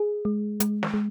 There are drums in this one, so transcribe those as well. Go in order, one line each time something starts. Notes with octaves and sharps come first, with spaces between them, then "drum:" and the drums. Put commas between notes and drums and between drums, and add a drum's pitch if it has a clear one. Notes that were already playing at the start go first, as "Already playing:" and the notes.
Already playing: G#4
G#3
G#3, drum: hi-hat
drum: snare
G#3